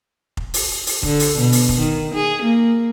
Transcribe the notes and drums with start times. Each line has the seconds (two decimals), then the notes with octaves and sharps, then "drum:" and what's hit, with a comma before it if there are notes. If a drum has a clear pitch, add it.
0.37 drum: kick F1
0.54 drum: open hi-hat
0.87 drum: open hi-hat
1.03 D3, drum: kick F1
1.19 drum: open hi-hat
1.38 B2
1.52 drum: open hi-hat
1.69 drum: kick F1
1.78 D#3
2.14 G#4
2.42 A#3